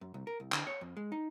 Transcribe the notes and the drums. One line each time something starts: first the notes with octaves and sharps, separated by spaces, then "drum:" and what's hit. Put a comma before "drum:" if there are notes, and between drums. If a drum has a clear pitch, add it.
F#2
C2
A#4
C2
D3, drum: clap
C#5
F2
G#3
D#4